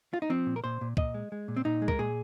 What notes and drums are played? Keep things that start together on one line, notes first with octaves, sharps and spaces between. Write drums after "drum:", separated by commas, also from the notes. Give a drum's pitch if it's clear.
F4
D#4
F3 C4
A#2
A#4
A#2 C5
A#2
A#2 D#5, drum: kick
G#3
G#3
A#2
C4
A#2 D#4
G#3
A#4, drum: kick
A#2 G#4